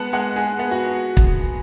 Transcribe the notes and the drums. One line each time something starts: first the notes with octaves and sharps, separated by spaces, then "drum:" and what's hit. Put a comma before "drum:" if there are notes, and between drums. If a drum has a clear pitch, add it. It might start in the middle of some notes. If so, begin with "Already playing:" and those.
Already playing: G#3 B3 F#5 A5
G#3 F#5
G#3 G#4
B3
F#4
drum: kick